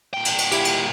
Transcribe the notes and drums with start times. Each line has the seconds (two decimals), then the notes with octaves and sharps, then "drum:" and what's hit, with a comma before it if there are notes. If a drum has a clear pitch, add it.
0.14 A#2 G5
0.25 drum: cymbal
0.38 drum: cymbal
0.52 E4 G4, drum: cymbal
0.65 drum: cymbal